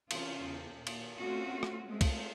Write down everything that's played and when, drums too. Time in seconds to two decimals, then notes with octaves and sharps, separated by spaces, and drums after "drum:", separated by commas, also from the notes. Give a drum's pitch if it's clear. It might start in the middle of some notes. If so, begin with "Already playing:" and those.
0.11 C3 E3 C#4 F4, drum: cymbal
0.43 E2 C#3
0.73 D#2 A#2
0.87 drum: cymbal
1.18 A3 C4 C#4 F4 F#4
1.63 drum: rim click
1.85 G#3 A3 C4
2.01 drum: kick, cymbal